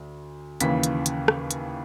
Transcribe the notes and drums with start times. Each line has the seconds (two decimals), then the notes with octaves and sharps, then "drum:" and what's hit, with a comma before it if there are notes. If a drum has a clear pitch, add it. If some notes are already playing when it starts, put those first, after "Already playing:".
Already playing: D2
0.60 D#2 C#3 E3 B6, drum: hi-hat
0.83 drum: hi-hat
1.06 drum: hi-hat
1.28 drum: rim click
1.51 drum: hi-hat